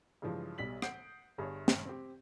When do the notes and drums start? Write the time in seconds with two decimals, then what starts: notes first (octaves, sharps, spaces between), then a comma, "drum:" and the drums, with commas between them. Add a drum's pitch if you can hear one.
0.22 G2 C#3 E3 F3 G#3
0.58 B1 G3 B6 F#7
0.82 F#5 D#6 G6 C7 D7, drum: rim click
1.38 G1 G2 G#4 C#5
1.68 drum: snare
1.85 C4 G4